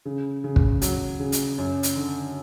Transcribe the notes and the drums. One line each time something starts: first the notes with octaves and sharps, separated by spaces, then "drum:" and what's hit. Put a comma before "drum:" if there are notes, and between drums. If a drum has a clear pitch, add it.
C#3
C#3
drum: kick
F#3, drum: hi-hat
C#3
drum: hi-hat
F#2
drum: hi-hat
D3